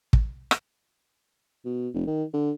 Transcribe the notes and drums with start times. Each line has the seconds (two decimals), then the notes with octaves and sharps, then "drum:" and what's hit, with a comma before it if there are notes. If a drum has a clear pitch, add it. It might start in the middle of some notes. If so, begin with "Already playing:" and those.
0.13 drum: kick
0.51 drum: rim click
1.65 B2
1.94 F1
2.07 D#3
2.34 D3